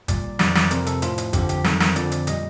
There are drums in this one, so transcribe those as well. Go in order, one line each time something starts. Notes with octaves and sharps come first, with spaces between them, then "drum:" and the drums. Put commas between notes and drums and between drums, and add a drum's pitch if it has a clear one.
A#2 G3 D5, drum: kick G#1, hi-hat
F2 D#3 G3 D5, drum: snare
D5, drum: snare
F2 C3 F3 A#4, drum: hi-hat
A4, drum: hi-hat
A2 F3 F4, drum: hi-hat
drum: hi-hat
F2 D3 F3 G4, drum: kick G#1, hi-hat
G4, drum: hi-hat
F2 D#3 G3 A4, drum: snare
A#4, drum: snare
F2 D3 F3 D5, drum: hi-hat
drum: hi-hat
A#2 G3 D#5, drum: hi-hat